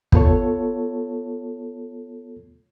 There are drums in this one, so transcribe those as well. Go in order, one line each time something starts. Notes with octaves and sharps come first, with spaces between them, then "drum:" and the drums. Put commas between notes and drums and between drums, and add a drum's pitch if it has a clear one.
B3 F4 A4 C#5, drum: kick